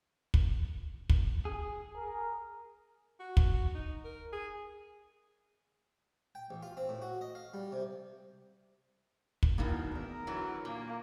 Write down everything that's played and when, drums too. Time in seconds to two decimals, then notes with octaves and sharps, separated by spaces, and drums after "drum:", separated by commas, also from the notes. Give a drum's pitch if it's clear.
0.34 drum: kick
1.09 drum: kick
1.45 G#4
1.96 A#4
3.20 F#4
3.37 drum: kick
3.75 D#4
4.05 A#4
4.33 G#4
6.35 G5
6.51 A1
6.63 F4
6.77 C4
6.89 A2
7.02 F#4
7.21 D#5
7.35 F5
7.54 G3
7.72 C3
9.43 drum: kick
9.58 G2 B2 D#3 A#3 D#4 E4
9.92 E2 A#4 E5
10.27 D3 E3 F#3
10.65 A#2 A#3